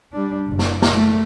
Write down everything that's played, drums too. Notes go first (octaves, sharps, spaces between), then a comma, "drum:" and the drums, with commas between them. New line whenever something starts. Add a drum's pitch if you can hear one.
G3 D4
F#1
drum: snare
drum: snare
A3